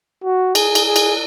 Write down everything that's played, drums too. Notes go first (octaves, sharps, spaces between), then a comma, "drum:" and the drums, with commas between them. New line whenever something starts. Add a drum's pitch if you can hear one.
F#4
G#4, drum: cymbal
drum: cymbal
G#4
drum: cymbal